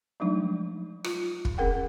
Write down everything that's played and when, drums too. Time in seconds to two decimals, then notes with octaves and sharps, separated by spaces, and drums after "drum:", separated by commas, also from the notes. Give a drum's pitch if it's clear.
0.20 F3 F#3 G#3 A3 D4 D#4
1.04 F4, drum: rim click
1.45 drum: kick
1.58 C#4 G#4 A#4 F#5 G5